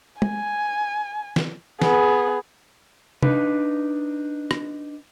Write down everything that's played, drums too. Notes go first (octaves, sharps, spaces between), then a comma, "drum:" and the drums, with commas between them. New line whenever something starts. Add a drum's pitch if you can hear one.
G#5, drum: tom G#3
drum: snare
B3 G#4, drum: snare
D4 D#4 B4, drum: tom C3
drum: rim click